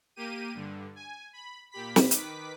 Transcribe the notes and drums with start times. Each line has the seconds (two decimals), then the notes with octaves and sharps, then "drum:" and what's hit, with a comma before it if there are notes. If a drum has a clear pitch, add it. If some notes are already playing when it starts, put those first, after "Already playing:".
0.16 A#3 G4 D#7
0.54 G2 D3
0.96 G#5
1.33 B5
1.71 A#2 G4 B5 B6
1.96 drum: snare
2.11 D#3 B4 D6 B6, drum: hi-hat